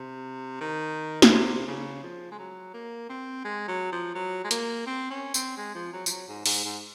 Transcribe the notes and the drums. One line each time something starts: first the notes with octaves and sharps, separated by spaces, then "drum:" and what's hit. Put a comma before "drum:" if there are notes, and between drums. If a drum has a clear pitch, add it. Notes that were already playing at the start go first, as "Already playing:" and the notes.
Already playing: C3
D#3
A#2, drum: snare
C3
C#3
F3
G#3
F#3
A#3
C4
G#3
F#3
F3
F#3
G#3
A#3, drum: hi-hat
C4
C#4
C4, drum: tambourine
G#3
F3
F#3
F3, drum: tambourine
F#3
G#2
G#2, drum: open hi-hat
G#2